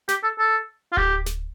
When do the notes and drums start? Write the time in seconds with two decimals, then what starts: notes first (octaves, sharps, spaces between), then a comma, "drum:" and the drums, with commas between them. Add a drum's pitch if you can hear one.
0.09 G4, drum: snare
0.23 A4
0.38 A4
0.92 F4
0.97 G4, drum: kick D1
1.26 drum: snare